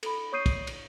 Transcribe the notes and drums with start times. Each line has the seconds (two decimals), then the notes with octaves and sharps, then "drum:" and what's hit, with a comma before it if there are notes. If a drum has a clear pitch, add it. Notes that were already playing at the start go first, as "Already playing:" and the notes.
0.03 A4 B5, drum: cymbal
0.32 C#5 C#6 D#6 G6 C7 D#7
0.46 drum: kick, cymbal
0.67 drum: cymbal